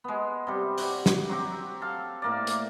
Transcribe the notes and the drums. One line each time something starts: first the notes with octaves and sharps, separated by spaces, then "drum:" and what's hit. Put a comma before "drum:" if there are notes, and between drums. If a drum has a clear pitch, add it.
G#3 B3
C3 G3
F#4 G4, drum: open hi-hat
drum: snare
F#3 C4 G4
A4 F5
A2 A#3 D5
drum: hi-hat